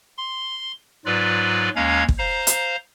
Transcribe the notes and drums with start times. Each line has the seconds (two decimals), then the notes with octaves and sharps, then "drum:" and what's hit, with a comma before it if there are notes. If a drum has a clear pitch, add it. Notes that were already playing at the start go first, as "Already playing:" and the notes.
0.17 C6
1.06 G#2 F#3 F4 B4 D5
1.76 D#2 G#3 C#4 F5 A#5 G#6
2.09 drum: kick
2.18 C5 F5 A#5
2.47 drum: hi-hat